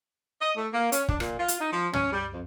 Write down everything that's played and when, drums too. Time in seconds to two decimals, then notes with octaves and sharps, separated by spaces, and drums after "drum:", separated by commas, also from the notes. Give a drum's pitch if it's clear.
0.41 D#5
0.57 A3
0.74 A#3
0.92 C#4, drum: hi-hat
1.08 D4, drum: kick
1.20 A#2, drum: rim click
1.39 F4
1.48 drum: hi-hat
1.61 D#4
1.73 F3
1.93 C#4, drum: tom
2.13 G3
2.33 F2